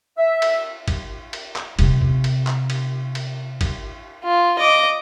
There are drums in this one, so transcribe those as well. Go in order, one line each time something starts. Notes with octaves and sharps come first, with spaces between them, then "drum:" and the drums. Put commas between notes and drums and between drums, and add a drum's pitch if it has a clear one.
E5
drum: cymbal
drum: kick, cymbal
drum: cymbal
drum: clap
C3 C4, drum: cymbal
drum: kick
drum: cymbal
drum: clap
drum: cymbal
drum: cymbal
drum: kick, cymbal
F4
D#5 D6